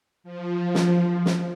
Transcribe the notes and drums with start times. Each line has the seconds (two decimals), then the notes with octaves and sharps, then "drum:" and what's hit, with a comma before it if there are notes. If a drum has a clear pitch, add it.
0.24 F3
0.75 drum: snare
1.26 drum: snare